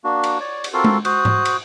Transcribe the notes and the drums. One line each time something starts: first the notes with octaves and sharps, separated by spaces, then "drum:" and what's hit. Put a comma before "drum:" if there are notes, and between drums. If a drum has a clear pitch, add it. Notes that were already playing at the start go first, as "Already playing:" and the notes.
A#3 D4 F#4
drum: cymbal
C#5 D5
drum: cymbal
C4 F4 F#4 A4 A#4 C6
drum: tom G#3
F#4 C5 D#6 F#6, drum: cymbal
drum: tom G#2
drum: cymbal